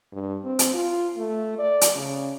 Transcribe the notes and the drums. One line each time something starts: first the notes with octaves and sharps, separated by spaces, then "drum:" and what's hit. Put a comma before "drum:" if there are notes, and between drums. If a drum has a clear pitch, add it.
G2
C4
drum: hi-hat
F4
A3
D5
drum: hi-hat
C#3